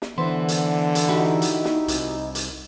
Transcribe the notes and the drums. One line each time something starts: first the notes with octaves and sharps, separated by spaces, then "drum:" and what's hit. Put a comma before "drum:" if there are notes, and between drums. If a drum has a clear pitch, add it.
drum: snare
D3 E3 B3 C5
drum: hi-hat
drum: hi-hat
D#4 E4 F#4 G4
drum: hi-hat
drum: snare
C2, drum: hi-hat
drum: hi-hat